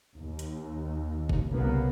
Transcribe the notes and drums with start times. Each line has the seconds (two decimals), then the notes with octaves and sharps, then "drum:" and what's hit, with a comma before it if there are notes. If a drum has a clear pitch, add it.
0.15 D#2
0.39 drum: hi-hat
1.29 drum: kick F#1
1.49 C2 C#3 A#3 B3